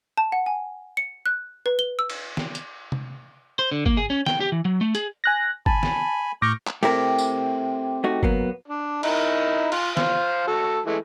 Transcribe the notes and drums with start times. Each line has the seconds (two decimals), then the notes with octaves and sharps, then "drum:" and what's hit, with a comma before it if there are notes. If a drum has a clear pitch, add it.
0.18 A5
0.32 F#5
0.46 G#5
0.97 C#7
1.26 F#6
1.66 B4
1.79 G7
1.99 E6
2.10 drum: cymbal
2.37 drum: snare
2.55 drum: hi-hat
2.92 drum: tom C3
3.59 C5
3.71 D3
3.86 A#3, drum: kick G1
3.97 G#4
4.10 C#4
4.26 G5, drum: snare
4.40 G4
4.52 E3
4.65 F#3
4.81 A3
4.95 G#4, drum: hi-hat
5.24 G#5 F#6 A#6
5.66 G#5 A5 B5, drum: kick G1
5.83 drum: snare
6.42 A2 C#6 D6 F6 G6 A#6
6.67 drum: clap
6.83 A3 C4 E4 G4 A#4, drum: cymbal
7.18 drum: tambourine
8.04 A3 D#4 F#4
8.23 F#3 A#3 B3, drum: kick G1
8.68 D4
9.03 D#4 E4 A#4, drum: cymbal
9.72 F4, drum: cymbal
9.97 C5 F5, drum: snare
10.47 A3 F#4 A4
10.86 E3 G#3 A3